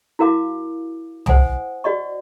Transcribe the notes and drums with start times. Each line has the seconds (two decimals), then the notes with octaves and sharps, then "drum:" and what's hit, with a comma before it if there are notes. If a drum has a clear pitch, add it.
0.19 E4 F#4 A#4 F5 D6
1.26 C5 F#5 G#5 D#6, drum: tom C2
1.84 F#4 D5 D#5 C#6